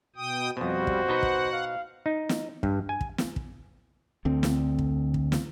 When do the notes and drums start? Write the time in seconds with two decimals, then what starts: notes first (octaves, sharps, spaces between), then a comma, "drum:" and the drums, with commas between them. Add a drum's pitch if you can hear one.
0.16 B2 G5 D#6
0.57 F2 B2 G3 F#4 C5
0.87 drum: kick
1.09 B2 D#4 B4 F#5
1.23 drum: kick
1.52 F5
2.06 D#4
2.29 drum: snare
2.63 G2, drum: kick
2.89 G#5
3.01 drum: kick
3.18 drum: snare
3.36 drum: kick
4.25 D2 D3 C4
4.43 drum: snare
4.79 drum: kick
5.14 drum: kick
5.32 drum: snare